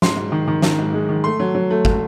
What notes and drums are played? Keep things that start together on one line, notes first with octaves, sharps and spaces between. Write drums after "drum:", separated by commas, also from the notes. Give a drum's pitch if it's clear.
G#2 C6, drum: snare
G#2
D#3
D#3
D#3, drum: snare
G#2
G#3
D#3
A3 C6
F#3
F#3
A3
F#3, drum: kick